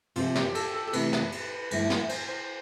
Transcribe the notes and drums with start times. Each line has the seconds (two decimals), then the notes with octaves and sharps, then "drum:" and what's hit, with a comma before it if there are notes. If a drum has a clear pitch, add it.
0.16 C3 F3 C4 F4, drum: cymbal
0.35 G4, drum: snare
0.55 A4, drum: cymbal
0.74 A4
0.87 A4
0.93 C3 E3 A3 E4 B4, drum: cymbal
1.13 drum: snare
1.32 drum: cymbal
1.71 G2 D3 F3 A3 E4, drum: cymbal
1.90 drum: snare
2.09 C5, drum: cymbal
2.29 C5